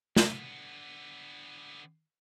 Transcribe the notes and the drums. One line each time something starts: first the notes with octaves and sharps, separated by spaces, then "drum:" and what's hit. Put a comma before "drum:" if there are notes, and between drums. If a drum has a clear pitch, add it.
D3 B3, drum: snare